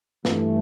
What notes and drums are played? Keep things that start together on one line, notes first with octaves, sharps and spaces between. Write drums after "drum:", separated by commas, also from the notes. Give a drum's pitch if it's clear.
G2 E3 A3, drum: snare